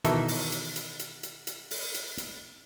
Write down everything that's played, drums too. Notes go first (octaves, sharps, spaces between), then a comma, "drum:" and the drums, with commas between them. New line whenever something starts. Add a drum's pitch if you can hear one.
B2 D#3 E3 D#4 A4 E5, drum: hi-hat
drum: open hi-hat
drum: hi-hat
drum: hi-hat
drum: hi-hat
drum: hi-hat
drum: hi-hat
drum: open hi-hat
drum: hi-hat
drum: hi-hat